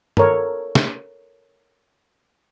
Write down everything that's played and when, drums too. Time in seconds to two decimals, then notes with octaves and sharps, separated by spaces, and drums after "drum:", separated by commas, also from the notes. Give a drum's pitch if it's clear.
0.17 A4 A#4 C#5, drum: tom
0.75 drum: snare